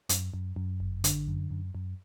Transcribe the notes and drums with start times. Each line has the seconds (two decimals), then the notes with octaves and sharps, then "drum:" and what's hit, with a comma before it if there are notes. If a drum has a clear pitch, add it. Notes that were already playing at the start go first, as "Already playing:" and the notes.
0.09 F#2, drum: hi-hat
0.34 F#2
0.56 F#2
0.80 G1
1.04 D3, drum: hi-hat
1.28 F#2
1.51 F#2
1.75 F#2